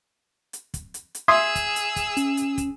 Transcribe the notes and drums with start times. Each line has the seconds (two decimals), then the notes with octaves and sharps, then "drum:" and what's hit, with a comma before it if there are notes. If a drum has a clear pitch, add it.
0.53 drum: hi-hat
0.74 drum: kick, hi-hat
0.94 drum: hi-hat
1.15 drum: hi-hat
1.28 G#4 E5 C6 D#6 E6 G#6
1.55 drum: kick, hi-hat
1.76 drum: hi-hat
1.96 drum: kick, hi-hat
2.17 C#4, drum: hi-hat
2.37 drum: hi-hat
2.58 drum: kick, hi-hat